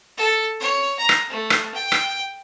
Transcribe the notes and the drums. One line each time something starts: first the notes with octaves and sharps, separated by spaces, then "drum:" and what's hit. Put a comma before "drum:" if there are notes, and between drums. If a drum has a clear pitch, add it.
A4
C#5
A#5
drum: rim click
A3
drum: rim click
G5
drum: rim click